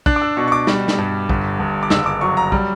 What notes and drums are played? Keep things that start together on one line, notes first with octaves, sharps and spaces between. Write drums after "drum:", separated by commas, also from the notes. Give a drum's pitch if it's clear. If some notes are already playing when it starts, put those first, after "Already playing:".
D4 F#6, drum: kick
D6
E6
B2 C#6
C#6
D6
G3, drum: snare
drum: snare
G2
G1, drum: kick
G1
D6
F#1 E6, drum: snare
D6
F#3 C#6
A#5
G3, drum: kick